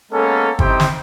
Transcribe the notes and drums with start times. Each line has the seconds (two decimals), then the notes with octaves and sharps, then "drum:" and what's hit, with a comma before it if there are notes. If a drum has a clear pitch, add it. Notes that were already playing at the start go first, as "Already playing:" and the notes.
0.12 G#3 A#3 B3 C#4 A4
0.59 C4 D#4 E4 G4 C5 G5, drum: kick
0.80 drum: snare